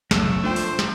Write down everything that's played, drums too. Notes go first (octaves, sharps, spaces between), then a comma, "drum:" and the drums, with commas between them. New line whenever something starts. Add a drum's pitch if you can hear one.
F#1 B1 F#3 A3, drum: snare
F3 D4 C5 G5
drum: open hi-hat
drum: snare